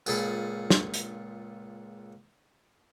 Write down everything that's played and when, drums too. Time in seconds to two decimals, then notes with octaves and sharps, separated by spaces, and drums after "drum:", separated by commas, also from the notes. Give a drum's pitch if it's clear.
0.06 C#2 A#2 G#4 A4 B5, drum: tambourine
0.70 drum: snare
0.94 drum: hi-hat